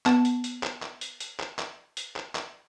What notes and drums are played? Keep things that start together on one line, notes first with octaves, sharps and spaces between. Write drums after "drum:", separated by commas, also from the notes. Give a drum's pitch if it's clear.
B3 A5, drum: clap
drum: hi-hat
drum: hi-hat
drum: clap
drum: clap
drum: hi-hat
drum: hi-hat
drum: clap
drum: clap
drum: hi-hat
drum: clap
drum: clap